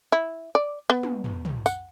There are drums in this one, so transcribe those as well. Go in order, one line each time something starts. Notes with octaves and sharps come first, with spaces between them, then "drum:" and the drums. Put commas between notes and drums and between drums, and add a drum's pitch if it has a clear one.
E4
D5
B3
drum: tom
drum: tom
drum: tom
F#5, drum: tambourine